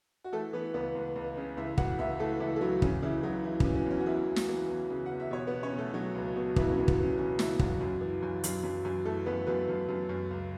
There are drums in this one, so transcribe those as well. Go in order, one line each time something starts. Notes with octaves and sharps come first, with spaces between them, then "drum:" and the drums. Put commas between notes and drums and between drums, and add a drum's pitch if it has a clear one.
F#4
E3 A3 A4
E3 B3 B4
C#2 B3 B4
C#2
C#2
C#3
C#2 E4 E5
E3 F#4 F#5, drum: kick
C#2 E4 E5
E3 A3 A4
C#2 E3 E4
A4
C#2 F#3 F#4
C#3 C#4, drum: kick
C#3 E3 E4
C#3 F#3 F#4
E3 E4
C#4, drum: kick
E3
C#4
E2 C#4
F#4
E2 E3 E4
E2
drum: snare
E3
E2
C#3
F#5
E2
E5
B2 C#5
B3 B4
B2
C#4 C#5
B2
A3 A4
B2 F#3 F#4
C#2
B2
C#2 E3 E4, drum: kick
C#4
C#2
B3, drum: kick
B2 C#4
B2 C#4
C#2 E3 E4, drum: snare
C#2 F#3 F#4, drum: kick
F#2
E3
F#2
F#2, drum: hi-hat
F#2
F#2
E3 A3 A4
F#2 B3 B4
F#2 B3 B4
F#2
F#2
F#2
C#2